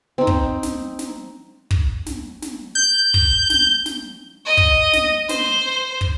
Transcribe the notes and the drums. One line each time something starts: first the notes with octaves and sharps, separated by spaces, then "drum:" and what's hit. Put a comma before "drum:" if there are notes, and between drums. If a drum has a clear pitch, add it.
C4 D#4
drum: kick
drum: snare
drum: snare
drum: kick
drum: snare
drum: snare
G6
drum: kick
drum: snare
drum: snare
D#5
drum: kick
drum: snare
C5, drum: snare
drum: kick